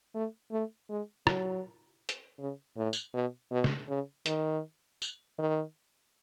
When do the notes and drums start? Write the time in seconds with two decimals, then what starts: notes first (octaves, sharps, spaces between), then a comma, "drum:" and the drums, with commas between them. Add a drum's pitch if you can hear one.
0.14 A3
0.51 A3
0.89 G#3
1.27 F#3, drum: rim click
2.09 drum: hi-hat
2.39 C#3
2.77 A2
2.93 drum: tambourine
3.14 B2
3.51 B2
3.64 drum: snare
3.88 C#3
4.26 D#3, drum: hi-hat
5.02 drum: tambourine
5.39 D#3